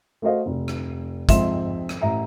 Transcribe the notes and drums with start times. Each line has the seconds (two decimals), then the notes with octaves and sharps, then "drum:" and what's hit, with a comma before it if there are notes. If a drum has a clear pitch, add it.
0.22 A3 F#4 C5 D#5 F5
0.46 F1
0.68 drum: rim click
1.29 F2 G#2 C4 E5 C6 E7, drum: kick, hi-hat
1.89 drum: rim click
2.01 A1 E5 A#5